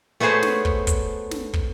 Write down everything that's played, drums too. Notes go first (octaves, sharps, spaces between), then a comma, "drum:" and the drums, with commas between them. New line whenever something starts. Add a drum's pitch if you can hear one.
A3 B3 F#4 G#4 C5 C#5
drum: snare
drum: kick
drum: kick, hi-hat
drum: snare
drum: kick